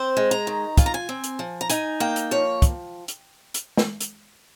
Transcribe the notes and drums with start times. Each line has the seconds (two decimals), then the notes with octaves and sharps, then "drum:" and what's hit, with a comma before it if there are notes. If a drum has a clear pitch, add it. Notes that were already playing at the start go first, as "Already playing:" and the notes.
Already playing: C4 C5
0.17 G#3
0.31 A#5
0.47 D#3
0.77 F4 G#5, drum: kick, hi-hat
0.86 A#5
0.94 G#5
1.09 C4
1.24 drum: hi-hat
1.39 F3
1.61 A#5
1.70 D#4 G#5, drum: hi-hat
2.00 A#3 G5
2.16 drum: hi-hat
2.31 F3 C#5
2.62 drum: kick, hi-hat
3.08 drum: hi-hat
3.54 drum: hi-hat
3.77 drum: snare
4.01 drum: hi-hat